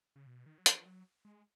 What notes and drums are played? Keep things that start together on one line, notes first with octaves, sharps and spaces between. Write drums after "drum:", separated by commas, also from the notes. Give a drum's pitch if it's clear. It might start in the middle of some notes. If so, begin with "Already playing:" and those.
C#3
B2
D#3
F#3
F3, drum: hi-hat
F#3
G#3